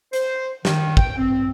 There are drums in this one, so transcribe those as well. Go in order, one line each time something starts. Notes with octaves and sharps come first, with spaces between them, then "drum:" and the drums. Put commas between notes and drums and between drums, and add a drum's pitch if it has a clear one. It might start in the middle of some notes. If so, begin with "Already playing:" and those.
C5, drum: hi-hat
D#3, drum: snare
G5, drum: kick
C4